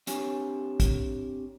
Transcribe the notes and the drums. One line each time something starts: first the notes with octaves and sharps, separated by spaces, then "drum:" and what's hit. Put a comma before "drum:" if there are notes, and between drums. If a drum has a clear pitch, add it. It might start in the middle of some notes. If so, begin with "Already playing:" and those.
C4 D4 G4 C#5 G#5, drum: hi-hat
drum: kick, hi-hat